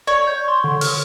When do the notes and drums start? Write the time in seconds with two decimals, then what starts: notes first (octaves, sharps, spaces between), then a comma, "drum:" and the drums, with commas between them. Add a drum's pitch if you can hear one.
0.07 C#5 D5
0.27 G6
0.48 C6
0.64 D3
0.81 F6, drum: open hi-hat